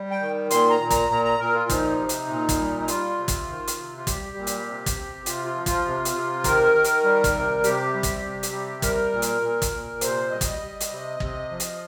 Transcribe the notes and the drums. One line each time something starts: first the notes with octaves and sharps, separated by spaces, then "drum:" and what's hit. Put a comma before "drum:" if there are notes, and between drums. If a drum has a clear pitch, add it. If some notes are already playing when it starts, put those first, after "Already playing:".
Already playing: G3
G5
D#3
A#2 C6, drum: hi-hat
A#5
A#2
A#5, drum: kick, hi-hat
A#2 A#5
A#5
A#2 A#4
F4
F3 D#4, drum: kick, hi-hat
C3
drum: hi-hat
A#2
drum: kick, hi-hat
G3
D#4
G3 F4, drum: hi-hat
C3
drum: kick, hi-hat
D#3
drum: hi-hat
C3
F4
G3 G4, drum: kick, hi-hat
A#2
drum: hi-hat
C3
drum: kick, hi-hat
C3
C3 F4, drum: hi-hat
F4
F3
F4, drum: kick, hi-hat
C3
drum: hi-hat
C3
D#3 A#4, drum: kick, hi-hat
D#3
drum: hi-hat
G3
drum: kick, hi-hat
C3
C3 G4, drum: hi-hat
G3
drum: kick, hi-hat
C3
drum: hi-hat
G3
G3 A#4, drum: kick, hi-hat
A#2
drum: hi-hat
A#2
drum: kick, hi-hat
A#2
C3 C5, drum: hi-hat
G3 D#5
drum: kick, hi-hat
G3
drum: hi-hat
C3
C3, drum: kick
F3
drum: hi-hat